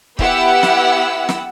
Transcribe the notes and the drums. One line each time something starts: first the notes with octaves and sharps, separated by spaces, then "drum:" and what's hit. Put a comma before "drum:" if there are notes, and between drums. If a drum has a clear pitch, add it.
B3 E4 G4 F#5 E6, drum: kick
drum: snare
drum: snare